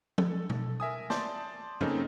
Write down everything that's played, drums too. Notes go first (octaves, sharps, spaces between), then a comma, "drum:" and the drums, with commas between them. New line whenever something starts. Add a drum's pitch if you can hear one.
A4, drum: tom
drum: tom B2
A#4 E5 G#5 D#6
D5 A5 C6 G6, drum: snare
C#3 A#3 C4 C#4 D#4 A4, drum: tom G2